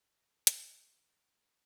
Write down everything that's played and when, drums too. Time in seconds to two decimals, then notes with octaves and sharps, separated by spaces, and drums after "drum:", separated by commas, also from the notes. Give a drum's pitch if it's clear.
0.11 A#4
0.29 A4
0.47 A4, drum: hi-hat
1.02 A#4
1.20 A#4
1.38 A#4